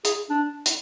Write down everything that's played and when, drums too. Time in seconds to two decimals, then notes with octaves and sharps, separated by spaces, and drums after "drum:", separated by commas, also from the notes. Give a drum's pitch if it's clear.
0.05 G#4, drum: hi-hat
0.30 D4
0.66 drum: hi-hat